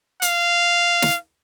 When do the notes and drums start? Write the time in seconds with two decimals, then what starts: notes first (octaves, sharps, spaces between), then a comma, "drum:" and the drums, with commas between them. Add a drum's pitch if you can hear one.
0.22 F5, drum: hi-hat
1.02 drum: snare